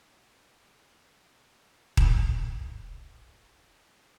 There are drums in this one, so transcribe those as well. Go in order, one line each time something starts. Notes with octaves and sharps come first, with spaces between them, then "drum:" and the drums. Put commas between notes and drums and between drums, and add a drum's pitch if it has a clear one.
D5 E5 G5 B5 C6 E6
C#5
F#4 F5 F#5 G#5 B5 D6
F4 D5
drum: kick D#1
A#4 C#5
A2 D#3 F3 G3 A4